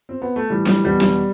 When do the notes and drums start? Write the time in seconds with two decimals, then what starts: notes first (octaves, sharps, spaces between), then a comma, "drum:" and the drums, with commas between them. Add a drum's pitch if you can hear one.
0.09 C4
0.22 B3
0.36 A3
0.50 A2 E3 G3
0.67 G3, drum: snare
0.84 E2 B2 G3
1.01 drum: snare